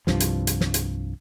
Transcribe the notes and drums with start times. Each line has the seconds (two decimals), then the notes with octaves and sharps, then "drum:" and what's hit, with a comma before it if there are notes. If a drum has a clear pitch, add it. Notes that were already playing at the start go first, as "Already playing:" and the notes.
0.07 C2 G2 F3, drum: snare
0.20 drum: hi-hat
0.47 drum: hi-hat
0.61 drum: snare
0.74 drum: hi-hat